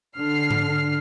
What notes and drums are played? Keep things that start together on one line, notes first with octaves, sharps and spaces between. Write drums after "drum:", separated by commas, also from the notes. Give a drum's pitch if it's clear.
D3 F6 C7
drum: tom G#2